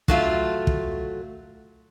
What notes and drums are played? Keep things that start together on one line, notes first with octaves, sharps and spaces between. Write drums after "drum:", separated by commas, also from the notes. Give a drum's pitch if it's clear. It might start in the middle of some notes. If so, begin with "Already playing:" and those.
F#3 A3 F4, drum: kick
drum: kick